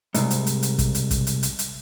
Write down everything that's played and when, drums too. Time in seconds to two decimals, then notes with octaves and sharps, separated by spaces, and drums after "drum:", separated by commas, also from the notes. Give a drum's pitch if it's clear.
0.14 C2 G#2, drum: hi-hat
0.30 drum: hi-hat
0.47 drum: hi-hat
0.63 drum: hi-hat
0.79 drum: kick, hi-hat
0.95 drum: hi-hat
1.11 drum: kick, hi-hat
1.27 drum: hi-hat
1.43 drum: hi-hat
1.59 drum: hi-hat